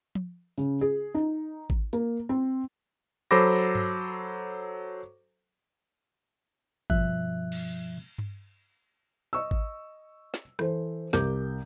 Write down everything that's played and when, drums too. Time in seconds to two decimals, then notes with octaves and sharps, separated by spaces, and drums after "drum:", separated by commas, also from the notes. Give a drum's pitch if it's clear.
0.15 drum: tom F3
0.58 C#3, drum: tambourine
0.81 G#4
1.15 D#4
1.70 drum: kick G#1
1.93 A#3, drum: hi-hat
2.29 C4
3.31 F#3 A4 C5 B5 D6 A#6
3.75 drum: tom G2
6.90 G2 B2 F3 E5 F#6, drum: kick G#1
7.52 drum: cymbal
8.18 drum: tom G2
9.33 D#5 C#6 E6
9.51 drum: kick G#1
10.34 drum: snare
10.59 E3 A4 C5, drum: rim click
11.13 C2 A#4 D6 G6, drum: snare